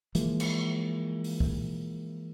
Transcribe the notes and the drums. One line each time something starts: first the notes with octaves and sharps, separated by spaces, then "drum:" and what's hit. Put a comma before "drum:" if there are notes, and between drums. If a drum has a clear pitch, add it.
E3 F3 G#3 A#3, drum: hi-hat
drum: cymbal
drum: open hi-hat
drum: kick